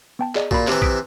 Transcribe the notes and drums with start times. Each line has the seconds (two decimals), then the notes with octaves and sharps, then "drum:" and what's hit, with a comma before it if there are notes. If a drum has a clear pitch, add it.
0.19 B3 G5 A5
0.35 G#4 D5 D#5, drum: clap
0.51 A#2 F#4 B5, drum: kick A#1
0.67 C3 E3, drum: clap
0.82 D#6 B6 D7, drum: kick A#1